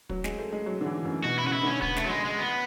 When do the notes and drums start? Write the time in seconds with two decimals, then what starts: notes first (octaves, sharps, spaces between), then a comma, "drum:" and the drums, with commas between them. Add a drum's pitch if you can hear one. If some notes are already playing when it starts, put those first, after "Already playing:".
0.09 F#3, drum: kick
0.24 G#3, drum: snare
0.38 A3
0.52 G#3
0.66 F#3
0.81 D3
0.86 E3
1.04 F#2
1.24 B2 F#4
1.38 E4
1.44 C#3 F#4
1.53 E4
1.63 D3 C#4
1.82 B3, drum: kick
1.97 A3, drum: snare
2.05 F#3
2.10 G#3
2.25 G#3
2.39 B3